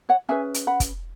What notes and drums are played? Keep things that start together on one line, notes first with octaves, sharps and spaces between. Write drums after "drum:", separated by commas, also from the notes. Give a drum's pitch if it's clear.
C#5 F#5
C#4 G#4 B4 E5 G#5
drum: hi-hat
F#5 B5
drum: kick, hi-hat